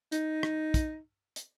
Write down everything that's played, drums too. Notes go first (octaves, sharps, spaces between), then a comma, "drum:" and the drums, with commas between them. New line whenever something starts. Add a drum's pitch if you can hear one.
D#4, drum: hi-hat
drum: rim click
drum: kick, hi-hat
drum: hi-hat